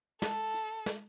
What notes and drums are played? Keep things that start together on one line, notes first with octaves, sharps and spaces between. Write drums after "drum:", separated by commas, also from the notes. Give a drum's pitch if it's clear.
A4, drum: snare
drum: hi-hat
drum: snare